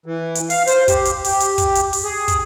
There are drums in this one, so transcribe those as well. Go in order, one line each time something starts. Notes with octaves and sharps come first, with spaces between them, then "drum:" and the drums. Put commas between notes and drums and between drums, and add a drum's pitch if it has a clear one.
E3
drum: hi-hat
F5, drum: open hi-hat
C5, drum: hi-hat
G4, drum: kick, hi-hat
drum: hi-hat
G4, drum: open hi-hat
drum: hi-hat
drum: kick, hi-hat
drum: hi-hat
drum: open hi-hat
G#4
drum: kick, hi-hat